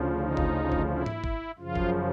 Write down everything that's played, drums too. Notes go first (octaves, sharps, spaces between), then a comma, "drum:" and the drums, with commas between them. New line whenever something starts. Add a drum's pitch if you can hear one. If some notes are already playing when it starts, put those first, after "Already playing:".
Already playing: D2 C#3 F3
D#4
drum: kick
drum: kick
E4
drum: tom G#2
drum: kick
F#2 C#3 F3 F4
drum: kick